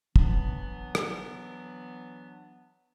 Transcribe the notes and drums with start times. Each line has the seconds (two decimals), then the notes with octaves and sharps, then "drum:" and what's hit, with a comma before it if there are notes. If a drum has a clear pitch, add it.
0.16 E3 F#3 B3 D4, drum: kick
0.95 drum: rim click